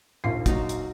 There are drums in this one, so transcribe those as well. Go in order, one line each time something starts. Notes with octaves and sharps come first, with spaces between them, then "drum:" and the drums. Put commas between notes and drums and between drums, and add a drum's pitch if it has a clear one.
A#1 D#2 C7
F#3 D#4 F#4, drum: kick, hi-hat
drum: hi-hat